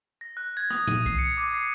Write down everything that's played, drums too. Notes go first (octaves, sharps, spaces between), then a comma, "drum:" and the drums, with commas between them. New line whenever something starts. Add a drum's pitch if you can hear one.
A#6
F#6
G#6
D#6, drum: rim click
D#7, drum: tom
C7, drum: kick C2, hi-hat
C#7
D6
C7